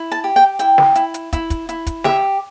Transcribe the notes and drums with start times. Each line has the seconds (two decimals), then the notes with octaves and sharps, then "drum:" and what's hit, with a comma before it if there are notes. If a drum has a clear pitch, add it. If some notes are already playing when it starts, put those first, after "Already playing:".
Already playing: E4
0.11 A5
0.24 G4
0.36 G5
0.59 E4 G5, drum: hi-hat
0.78 drum: snare
0.95 E4, drum: hi-hat
1.14 drum: hi-hat
1.33 E4, drum: kick, hi-hat
1.50 drum: kick, hi-hat
1.69 E4, drum: hi-hat
1.87 drum: kick, hi-hat
2.04 G4 E5, drum: snare